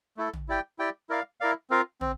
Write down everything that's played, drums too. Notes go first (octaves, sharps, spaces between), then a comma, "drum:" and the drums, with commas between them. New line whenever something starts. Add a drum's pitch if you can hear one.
A3 E4 A4
drum: tom
E4 G4 D5 G5
E4 G4 D5 G5
E4 A#4 D5 F5
E4 A#4 D5 F5
C4 F4 A#4 F5
C4, drum: tom